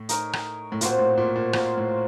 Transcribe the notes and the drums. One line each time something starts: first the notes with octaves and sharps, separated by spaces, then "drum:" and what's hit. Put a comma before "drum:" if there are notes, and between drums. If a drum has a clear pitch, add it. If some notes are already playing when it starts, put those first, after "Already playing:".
Already playing: A2
D#4 A#4 C#5, drum: hi-hat
drum: rim click
A2
A#2 C4 F#4 C5 F5, drum: hi-hat
A2
A#2
A#2
A#2 C4 F#4 C5 F5, drum: rim click
A2